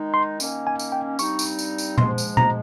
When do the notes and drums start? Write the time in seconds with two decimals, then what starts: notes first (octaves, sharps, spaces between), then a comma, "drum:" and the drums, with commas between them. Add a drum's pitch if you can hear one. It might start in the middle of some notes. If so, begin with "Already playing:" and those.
Already playing: D#3 G#3 D#4
0.14 C6
0.40 D#3 A#3 C#4, drum: tambourine
0.67 G#5
0.79 drum: tambourine
0.92 G5
1.19 G2 G3 C4 D#4 C#6, drum: tambourine
1.39 drum: tambourine
1.59 drum: tambourine
1.78 drum: tambourine
1.98 G#2 F3 G#3 C6, drum: tom A#2
2.18 drum: tambourine
2.37 A#5, drum: tom A#2